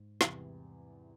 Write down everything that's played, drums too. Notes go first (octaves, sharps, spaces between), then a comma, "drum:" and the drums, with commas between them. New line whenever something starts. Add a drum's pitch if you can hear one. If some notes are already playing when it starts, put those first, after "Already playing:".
Already playing: G#2
E2 C3 E3 G3, drum: snare